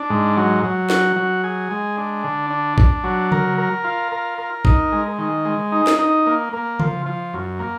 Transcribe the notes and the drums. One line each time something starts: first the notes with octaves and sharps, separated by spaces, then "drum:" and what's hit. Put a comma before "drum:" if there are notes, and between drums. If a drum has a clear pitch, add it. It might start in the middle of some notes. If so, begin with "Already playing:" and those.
Already playing: D4
G#2
F#3
F#3
F#4, drum: snare
F#3
G#4
G#3
D4
D3
D4
D4, drum: kick
F#3
A#4, drum: tom C#3
A#4
F4
A#4
A#4
D#4, drum: kick
G#3
D#3
G#3
D#4
drum: snare
D#4
A#3
A#3
F3, drum: tom C#3
F3
F#2
A#3